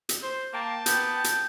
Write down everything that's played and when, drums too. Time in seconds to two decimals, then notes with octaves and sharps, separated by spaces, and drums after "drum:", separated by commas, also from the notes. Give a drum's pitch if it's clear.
0.09 drum: hi-hat
0.23 C5
0.53 A#3 G5 A5
0.86 B3 G6, drum: hi-hat
1.24 drum: hi-hat